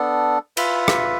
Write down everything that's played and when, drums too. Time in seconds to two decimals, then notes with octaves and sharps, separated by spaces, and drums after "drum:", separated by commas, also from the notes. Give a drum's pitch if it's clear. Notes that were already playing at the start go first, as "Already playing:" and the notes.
Already playing: B3 D4 A4
0.57 F4 B4 E5, drum: cymbal
0.88 drum: rim click